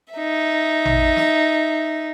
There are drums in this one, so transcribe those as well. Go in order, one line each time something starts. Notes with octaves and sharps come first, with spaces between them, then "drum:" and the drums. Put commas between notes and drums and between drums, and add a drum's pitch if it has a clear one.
D#4 E5
drum: tom A1
drum: snare